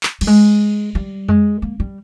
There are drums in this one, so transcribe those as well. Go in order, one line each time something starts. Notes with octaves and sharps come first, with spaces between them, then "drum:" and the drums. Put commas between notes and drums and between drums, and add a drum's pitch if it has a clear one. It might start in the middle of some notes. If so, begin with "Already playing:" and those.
drum: clap
G3, drum: cymbal
G#3
G3
G#3, drum: tom F2
A#3
G3